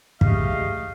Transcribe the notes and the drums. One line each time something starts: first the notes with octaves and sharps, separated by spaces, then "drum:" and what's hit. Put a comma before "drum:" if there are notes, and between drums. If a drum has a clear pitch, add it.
G#3 A3 G4 D#5 F5, drum: kick